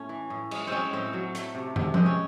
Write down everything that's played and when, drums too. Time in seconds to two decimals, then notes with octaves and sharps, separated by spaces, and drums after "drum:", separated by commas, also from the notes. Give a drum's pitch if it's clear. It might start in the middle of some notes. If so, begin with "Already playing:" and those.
Already playing: A2 A3 C#4
0.09 E3
0.30 A2
0.51 G#3, drum: cymbal
0.67 G#3 C4 C#4
0.93 A2 C4
1.13 F#3
1.35 A3, drum: hi-hat
1.55 C3
1.76 C3, drum: tom
1.94 G#3 C4, drum: tom F3
2.06 C#4